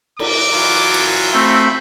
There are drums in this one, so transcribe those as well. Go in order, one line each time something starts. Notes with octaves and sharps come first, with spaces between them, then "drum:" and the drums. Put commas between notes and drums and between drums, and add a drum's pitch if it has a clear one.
D6, drum: cymbal
E3 F#3 F4
drum: cymbal
A3 C4 B5